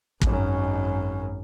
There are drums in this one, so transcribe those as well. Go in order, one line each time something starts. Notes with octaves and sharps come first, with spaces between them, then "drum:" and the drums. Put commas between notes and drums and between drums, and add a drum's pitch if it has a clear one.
G#1 F#2, drum: kick